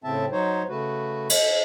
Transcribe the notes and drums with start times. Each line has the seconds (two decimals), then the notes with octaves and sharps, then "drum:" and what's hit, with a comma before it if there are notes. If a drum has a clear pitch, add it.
0.04 A2 C#3 C4 E5 A5
0.32 F#3 D#4 C5 C#5
0.69 C#3 A3 F#4 B4
1.30 drum: cymbal